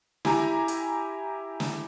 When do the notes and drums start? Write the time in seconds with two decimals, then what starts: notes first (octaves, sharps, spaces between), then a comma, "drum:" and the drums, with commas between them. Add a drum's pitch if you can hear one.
0.25 E4 G4 G#5 A#5, drum: snare
0.68 drum: hi-hat
1.60 drum: snare